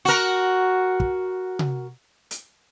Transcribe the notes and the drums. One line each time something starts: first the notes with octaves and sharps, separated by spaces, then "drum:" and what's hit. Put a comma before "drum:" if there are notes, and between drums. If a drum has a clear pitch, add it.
F#4 A#4
drum: kick
drum: tom C3
drum: hi-hat